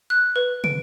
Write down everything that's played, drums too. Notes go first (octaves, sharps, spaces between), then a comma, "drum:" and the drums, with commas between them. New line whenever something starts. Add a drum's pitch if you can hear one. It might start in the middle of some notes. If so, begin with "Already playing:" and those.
F#6
B4
D7, drum: tom